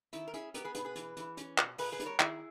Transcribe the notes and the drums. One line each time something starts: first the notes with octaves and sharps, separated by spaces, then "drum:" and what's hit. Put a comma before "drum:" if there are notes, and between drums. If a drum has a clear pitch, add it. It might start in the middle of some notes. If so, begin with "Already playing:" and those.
D#3 E4, drum: hi-hat
A#4
C#4 E4 G#4, drum: hi-hat
B3 G4 A#4, drum: hi-hat
G#4 B4
B2 G#4 B4, drum: hi-hat
G#4 B4
E3, drum: hi-hat
E3, drum: hi-hat
C#4, drum: hi-hat
B2, drum: clap
A#2 G#4 B4, drum: open hi-hat
G#4 B4
G3, drum: hi-hat
A#4 C#5
D#3 E4 G#4, drum: clap